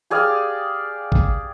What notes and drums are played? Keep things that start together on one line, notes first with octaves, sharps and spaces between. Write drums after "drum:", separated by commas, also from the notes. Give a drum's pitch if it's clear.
G4 G#4 D5 F5
drum: kick G#1